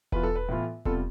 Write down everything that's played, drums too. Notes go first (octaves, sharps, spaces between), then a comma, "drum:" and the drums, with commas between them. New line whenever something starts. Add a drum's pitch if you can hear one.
E3 B3 F4 B4, drum: kick E1
A4
B4
A2 E3 B3 F4
C3 G3 B3 F4 A4, drum: kick E1